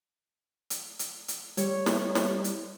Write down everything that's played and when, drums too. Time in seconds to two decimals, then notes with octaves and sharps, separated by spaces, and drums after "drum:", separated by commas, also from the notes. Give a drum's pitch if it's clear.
0.70 drum: hi-hat
0.99 drum: hi-hat
1.28 drum: hi-hat
1.57 G3 C#5, drum: hi-hat
1.86 drum: snare
2.15 drum: snare
2.44 drum: hi-hat